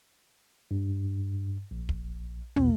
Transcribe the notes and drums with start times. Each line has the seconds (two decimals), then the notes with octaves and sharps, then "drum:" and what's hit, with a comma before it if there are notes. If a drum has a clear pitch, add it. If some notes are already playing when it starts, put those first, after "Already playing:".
0.71 G2
1.71 A#1
1.89 drum: kick
2.56 A#1 E2 B2, drum: tom